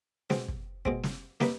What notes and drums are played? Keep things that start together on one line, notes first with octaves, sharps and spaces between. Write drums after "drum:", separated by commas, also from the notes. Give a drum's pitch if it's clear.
B2 G#3 C4, drum: snare
drum: kick
B2 G#3 C4, drum: kick
drum: snare
A#3 D#4 G4 B4, drum: snare